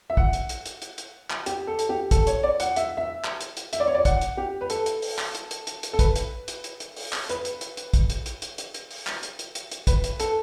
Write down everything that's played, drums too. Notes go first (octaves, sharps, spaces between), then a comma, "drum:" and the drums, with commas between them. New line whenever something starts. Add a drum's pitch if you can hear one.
E5
F#5, drum: kick
drum: hi-hat
drum: hi-hat
drum: hi-hat
drum: hi-hat
drum: hi-hat
drum: clap
G4, drum: hi-hat
A4
drum: hi-hat
G4
A4, drum: kick, hi-hat
C#5, drum: hi-hat
D5
F#5, drum: hi-hat
E5, drum: hi-hat
E5
drum: clap
drum: hi-hat
drum: hi-hat
E5, drum: hi-hat
D5
C#5
D5
F#5, drum: kick, hi-hat
drum: hi-hat
G4
B4
A4, drum: hi-hat
drum: hi-hat
drum: open hi-hat
drum: clap
drum: hi-hat
drum: hi-hat
drum: hi-hat
drum: hi-hat
A4
B4, drum: kick, hi-hat
drum: hi-hat
drum: hi-hat
drum: hi-hat
drum: hi-hat
drum: open hi-hat
drum: clap
B4, drum: hi-hat
drum: hi-hat
drum: hi-hat
drum: hi-hat
drum: kick, hi-hat
drum: hi-hat
drum: hi-hat
drum: hi-hat
drum: hi-hat
drum: hi-hat
drum: open hi-hat
drum: clap
drum: hi-hat
drum: hi-hat
drum: hi-hat
drum: hi-hat
B4, drum: kick, hi-hat
drum: hi-hat
A4, drum: hi-hat